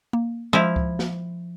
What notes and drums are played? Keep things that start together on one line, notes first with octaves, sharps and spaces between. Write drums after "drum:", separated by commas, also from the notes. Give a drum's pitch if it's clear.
A#3
F3 G#3 E4
drum: kick C#2
drum: snare